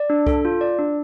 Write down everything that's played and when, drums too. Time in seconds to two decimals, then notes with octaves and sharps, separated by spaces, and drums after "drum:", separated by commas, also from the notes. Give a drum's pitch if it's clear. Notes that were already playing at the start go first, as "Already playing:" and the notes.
Already playing: D5
0.10 D4
0.27 A4, drum: kick C2
0.45 F4
0.61 D5
0.79 D4